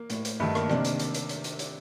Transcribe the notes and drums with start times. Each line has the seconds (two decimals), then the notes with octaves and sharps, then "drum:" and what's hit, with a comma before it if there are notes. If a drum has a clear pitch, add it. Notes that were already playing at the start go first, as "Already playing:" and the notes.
Already playing: A#3
0.10 A2, drum: hi-hat
0.25 drum: hi-hat
0.40 G2 D#3 A3
0.55 A#3, drum: rim click
0.70 C3 D#3 A#3 D4, drum: rim click
0.85 drum: hi-hat
0.99 drum: hi-hat
1.14 drum: hi-hat
1.29 drum: hi-hat
1.44 drum: hi-hat
1.59 drum: hi-hat